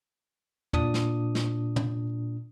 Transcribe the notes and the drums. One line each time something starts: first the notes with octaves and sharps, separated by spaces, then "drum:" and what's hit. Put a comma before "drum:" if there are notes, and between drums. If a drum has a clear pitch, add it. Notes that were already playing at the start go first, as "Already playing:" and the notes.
A#2 D4 D#6, drum: tom
drum: snare
drum: snare
drum: tom